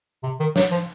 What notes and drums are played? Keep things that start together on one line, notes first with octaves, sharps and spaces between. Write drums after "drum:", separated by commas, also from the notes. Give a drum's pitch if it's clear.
C3
D#3
F#3, drum: snare
F3